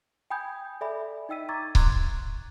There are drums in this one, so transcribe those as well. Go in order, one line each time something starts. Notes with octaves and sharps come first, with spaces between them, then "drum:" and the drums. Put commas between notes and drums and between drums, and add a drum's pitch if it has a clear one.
G5 G#5 B5 D#6 G6 G#6
A4 D5 E5 G#5 B5
D#4 D#5 G5 E6 B6 D#7
A#5 C#6 D6 E6 G#6 A6
A#5 C6 D6 F#6 G#6, drum: kick C#1